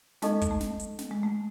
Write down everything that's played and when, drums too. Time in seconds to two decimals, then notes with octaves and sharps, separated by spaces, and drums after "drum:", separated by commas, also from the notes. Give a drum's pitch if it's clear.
0.22 G#3 D#4 A4 D#5 A5 C#6, drum: snare
0.41 drum: kick, hi-hat
0.51 A3
0.60 drum: snare
0.80 drum: hi-hat
0.99 drum: snare
1.11 G#3
1.23 A3